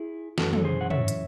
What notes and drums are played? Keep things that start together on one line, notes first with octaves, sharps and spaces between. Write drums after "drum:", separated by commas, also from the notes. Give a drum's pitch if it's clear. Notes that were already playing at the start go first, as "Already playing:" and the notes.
Already playing: E4 G#4
F#2 E3 A3 C#4 F#4 A4, drum: snare
A4, drum: tom
G#4 C5
F#5
C#5 E5, drum: tom
drum: hi-hat